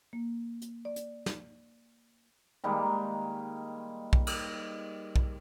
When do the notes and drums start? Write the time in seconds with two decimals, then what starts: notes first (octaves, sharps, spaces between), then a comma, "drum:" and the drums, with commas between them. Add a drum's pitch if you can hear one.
0.13 A#3
0.62 drum: hi-hat
0.85 D5
0.96 drum: hi-hat
1.26 drum: snare
2.64 D#3 G3 G#3 A#3
4.13 drum: kick B1
4.27 drum: cymbal
5.16 drum: kick B1